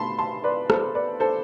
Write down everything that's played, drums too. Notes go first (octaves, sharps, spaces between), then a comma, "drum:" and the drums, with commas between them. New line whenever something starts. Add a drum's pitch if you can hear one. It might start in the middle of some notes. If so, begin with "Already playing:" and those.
Already playing: B2 A3 A5 B5 C6
A5 C6
B4 D5
A4 C5, drum: rim click
B4 D5
A4 C5